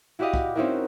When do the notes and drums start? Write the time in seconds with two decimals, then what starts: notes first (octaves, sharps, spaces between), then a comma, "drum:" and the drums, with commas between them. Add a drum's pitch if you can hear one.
0.19 E4 F#4 G4 D5 D#5 F5
0.34 drum: kick
0.55 C4 C#4 D#4 E4 F#4 A#4